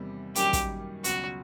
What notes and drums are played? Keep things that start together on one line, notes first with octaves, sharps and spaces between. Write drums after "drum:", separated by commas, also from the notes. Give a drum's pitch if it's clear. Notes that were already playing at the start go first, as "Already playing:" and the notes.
Already playing: E2 C3 D#3 G3
F#2 D#3 G3 A#3 C#4 G4, drum: hi-hat
drum: kick, hi-hat
C#2 B2 F#3 F#4, drum: hi-hat